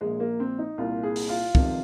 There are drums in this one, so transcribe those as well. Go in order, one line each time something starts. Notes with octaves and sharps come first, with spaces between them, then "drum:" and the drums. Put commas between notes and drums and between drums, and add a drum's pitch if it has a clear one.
A#1 A#2 G#3
A#3
C4
D#4
C2 A#2 F4
G#4
drum: open hi-hat
F4
F1 F2 C3 D#3, drum: kick